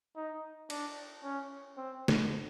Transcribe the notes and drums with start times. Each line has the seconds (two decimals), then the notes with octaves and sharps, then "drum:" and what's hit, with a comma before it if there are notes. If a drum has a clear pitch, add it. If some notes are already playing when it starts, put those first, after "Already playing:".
0.16 D#4
0.70 D4, drum: cymbal
1.24 C#4
1.78 C4
2.08 drum: snare